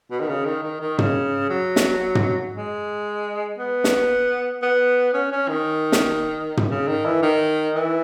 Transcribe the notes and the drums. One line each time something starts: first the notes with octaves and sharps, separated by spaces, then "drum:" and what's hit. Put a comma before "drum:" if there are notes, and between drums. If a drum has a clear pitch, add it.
B2
D#3
C#3
D#3
D#3
D#3
C#3, drum: tom
F#3
drum: snare
drum: tom
G#3
B3
drum: snare
B3
C#4
C#4
D#3
drum: snare
drum: tom
C#3
D#3
E3
D#3
E3